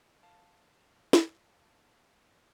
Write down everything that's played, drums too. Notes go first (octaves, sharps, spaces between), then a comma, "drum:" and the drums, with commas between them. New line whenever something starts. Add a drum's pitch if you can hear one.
F5 A5
drum: snare